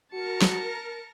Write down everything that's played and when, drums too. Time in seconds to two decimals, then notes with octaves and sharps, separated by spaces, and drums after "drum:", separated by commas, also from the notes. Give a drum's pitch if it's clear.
0.13 F#4 A#4 A5 A#6 C#7
0.42 drum: snare